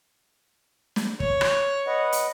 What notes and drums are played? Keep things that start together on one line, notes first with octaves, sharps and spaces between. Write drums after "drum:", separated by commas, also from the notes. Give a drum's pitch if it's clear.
drum: snare
C#5, drum: kick
drum: rim click
B4 D#5 F#5
drum: hi-hat